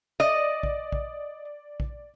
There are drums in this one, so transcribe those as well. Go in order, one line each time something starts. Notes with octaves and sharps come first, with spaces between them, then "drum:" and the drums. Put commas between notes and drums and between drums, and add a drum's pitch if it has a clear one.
D5 D#5
drum: kick A#1
drum: kick A#1
drum: kick A#1